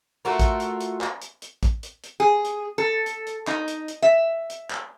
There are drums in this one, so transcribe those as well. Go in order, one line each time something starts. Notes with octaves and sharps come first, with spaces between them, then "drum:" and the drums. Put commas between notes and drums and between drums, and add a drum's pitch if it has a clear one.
A3 F4 F#4 A#4
drum: kick, hi-hat
drum: hi-hat
drum: hi-hat
drum: clap
drum: hi-hat
drum: hi-hat
drum: kick, hi-hat
drum: hi-hat
drum: hi-hat
G#4
drum: hi-hat
A4
drum: hi-hat
drum: hi-hat
D#4, drum: clap
drum: hi-hat
drum: hi-hat
E5
drum: hi-hat
drum: clap